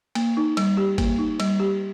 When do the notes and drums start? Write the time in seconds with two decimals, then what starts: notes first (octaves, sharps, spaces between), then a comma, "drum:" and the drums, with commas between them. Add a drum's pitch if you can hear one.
0.15 A#3, drum: cymbal
0.37 D#4
0.57 G3, drum: cymbal
0.77 G4
0.98 A#3, drum: kick G1, cymbal
1.19 D#4
1.40 G3, drum: cymbal
1.60 G4